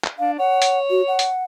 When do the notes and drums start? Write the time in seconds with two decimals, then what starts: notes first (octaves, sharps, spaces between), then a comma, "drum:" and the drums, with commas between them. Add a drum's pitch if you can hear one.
0.04 drum: clap
0.19 D4 F5
0.39 C#5 F#5
0.62 drum: hi-hat
0.90 F#4
1.08 F#5
1.19 drum: hi-hat